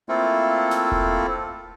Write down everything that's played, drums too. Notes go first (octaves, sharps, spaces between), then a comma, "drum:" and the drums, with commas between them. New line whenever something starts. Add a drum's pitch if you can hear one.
A3 A#3 C4 E4 F4 A4
drum: snare
drum: kick E1